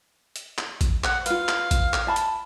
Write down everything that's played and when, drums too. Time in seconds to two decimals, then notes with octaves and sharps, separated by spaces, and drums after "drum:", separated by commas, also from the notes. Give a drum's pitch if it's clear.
0.36 drum: hi-hat
0.58 drum: clap
0.81 drum: kick G#1, hi-hat
1.04 C5 F#5, drum: clap
1.26 F4 B4 F5, drum: hi-hat
1.48 drum: clap
1.71 drum: kick G#1, hi-hat
1.94 drum: clap
2.07 E5 A5 B5
2.16 drum: hi-hat